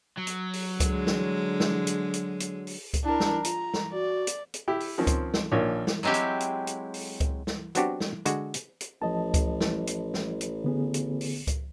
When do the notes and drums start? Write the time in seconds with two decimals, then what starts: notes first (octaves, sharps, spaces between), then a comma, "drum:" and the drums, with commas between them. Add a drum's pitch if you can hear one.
0.17 F#3
0.27 drum: hi-hat
0.53 drum: open hi-hat
0.80 D3 G#3, drum: kick C#2, hi-hat
1.07 drum: snare
1.60 drum: snare
1.87 drum: hi-hat
2.14 drum: hi-hat
2.40 drum: hi-hat
2.67 drum: open hi-hat
2.94 drum: kick C#2, hi-hat
3.04 D4 E4 A#4
3.20 drum: snare
3.44 F4 A#5, drum: hi-hat
3.74 drum: snare
3.93 F#4 D5
4.27 drum: hi-hat
4.54 drum: hi-hat
4.68 E4 G4
4.80 drum: open hi-hat
4.98 D#3 F3 C4 C#4
5.07 drum: kick C#2, hi-hat
5.34 drum: snare
5.52 A#1 A#2 D#3 F3 C#5
5.87 drum: snare
6.03 F#3 G#3 C4 E4 G4
6.14 drum: hi-hat
6.40 drum: hi-hat
6.67 drum: hi-hat
6.94 drum: open hi-hat
7.20 drum: kick C#2, hi-hat
7.47 drum: snare
7.75 F#3 B3 C4 D4 F#4 G4, drum: hi-hat
8.00 drum: snare
8.25 D3 G#3 F#4, drum: hi-hat
8.54 drum: hi-hat
8.81 drum: hi-hat
9.02 A1 F3 D#5 A5
9.34 drum: kick C#2, hi-hat
9.61 drum: snare
9.87 drum: hi-hat
10.14 drum: snare
10.41 drum: hi-hat
10.64 D3 B3 G#4
10.94 drum: hi-hat
11.21 drum: open hi-hat
11.47 drum: kick C#2, hi-hat